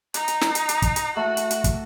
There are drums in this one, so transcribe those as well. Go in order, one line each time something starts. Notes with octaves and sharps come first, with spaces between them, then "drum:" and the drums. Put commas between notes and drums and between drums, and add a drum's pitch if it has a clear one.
D#4, drum: hi-hat
drum: hi-hat
drum: snare
drum: hi-hat
drum: hi-hat
drum: kick, hi-hat
drum: hi-hat
A3 F#4
drum: hi-hat
drum: hi-hat
drum: kick, hi-hat